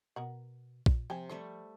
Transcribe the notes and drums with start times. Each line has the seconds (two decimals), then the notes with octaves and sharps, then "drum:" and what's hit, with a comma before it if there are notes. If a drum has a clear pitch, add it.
0.16 B2 B3 A#4 F#5
0.86 A#2, drum: kick
1.10 C3 F3 G5 G#5
1.29 G3 A3 C5 C#6